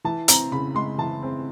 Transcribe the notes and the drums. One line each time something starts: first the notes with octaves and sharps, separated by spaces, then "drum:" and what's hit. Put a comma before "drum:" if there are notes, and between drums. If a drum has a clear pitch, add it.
E3 A5
C4 A#5, drum: hi-hat
C#3 B5
G#3 C6
E3 A5
C4